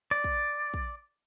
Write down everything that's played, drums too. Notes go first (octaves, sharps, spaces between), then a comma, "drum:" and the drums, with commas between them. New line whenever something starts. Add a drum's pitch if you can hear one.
D5
drum: kick
drum: kick